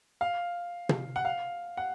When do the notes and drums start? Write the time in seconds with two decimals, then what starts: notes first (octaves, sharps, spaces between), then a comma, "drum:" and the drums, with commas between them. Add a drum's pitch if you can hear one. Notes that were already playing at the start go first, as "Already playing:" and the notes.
0.21 F5
0.89 drum: tom
1.16 F#5
1.25 F5
1.77 F#5